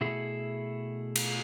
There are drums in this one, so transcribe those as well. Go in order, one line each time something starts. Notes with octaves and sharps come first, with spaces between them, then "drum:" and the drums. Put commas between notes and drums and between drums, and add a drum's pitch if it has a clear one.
B2 A3 E4 G#4
drum: cymbal